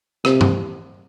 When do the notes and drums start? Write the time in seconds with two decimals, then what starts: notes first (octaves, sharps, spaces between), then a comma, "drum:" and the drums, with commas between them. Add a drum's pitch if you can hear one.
0.25 C3, drum: rim click
0.41 drum: tom G2